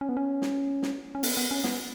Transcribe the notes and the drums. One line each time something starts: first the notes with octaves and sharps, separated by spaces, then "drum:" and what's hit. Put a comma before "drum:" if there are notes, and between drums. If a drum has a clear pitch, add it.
C#4
B3
C#4
drum: snare
drum: snare
C#4
B3, drum: open hi-hat
B3
C#4
B3, drum: snare